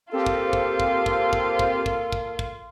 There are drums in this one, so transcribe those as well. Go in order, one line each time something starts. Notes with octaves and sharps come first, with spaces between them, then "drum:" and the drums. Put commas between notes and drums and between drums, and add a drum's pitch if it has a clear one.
A#3 C4 F4 G4 A4
drum: kick
drum: kick
drum: kick
drum: kick
drum: kick
drum: kick
drum: kick
drum: kick
drum: kick